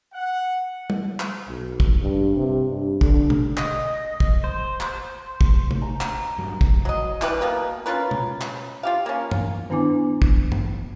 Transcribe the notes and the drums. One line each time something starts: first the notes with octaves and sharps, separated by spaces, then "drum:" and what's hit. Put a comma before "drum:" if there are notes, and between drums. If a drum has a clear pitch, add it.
F#5
drum: tom
drum: clap
B1
drum: kick
G2
C3
G2
D3, drum: kick
drum: tom B2
D#5, drum: clap
drum: kick
C5
drum: clap
drum: kick
drum: tom C3
A#5
drum: clap
G2 F#3
drum: kick
F#3 D#5
E3 G3 G4 B4, drum: clap
B2 A#3 B4
C#4 F4 A#4 B4
drum: tom B2
drum: clap
F4 G4 F5
A#3 C#4
drum: tom G2
D#3 B3 D4 E4 G#5 D6
drum: kick
drum: tom G2